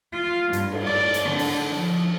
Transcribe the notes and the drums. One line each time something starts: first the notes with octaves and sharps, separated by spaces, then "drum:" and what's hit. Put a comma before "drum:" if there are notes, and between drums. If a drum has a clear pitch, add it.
F4
G2, drum: hi-hat
drum: cymbal
D5
drum: hi-hat
D3
drum: open hi-hat
F3